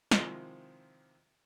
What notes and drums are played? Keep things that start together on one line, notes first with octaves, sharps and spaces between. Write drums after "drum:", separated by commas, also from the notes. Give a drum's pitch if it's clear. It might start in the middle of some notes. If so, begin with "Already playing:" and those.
C3 D#3 F3 G#3 E4 C5, drum: snare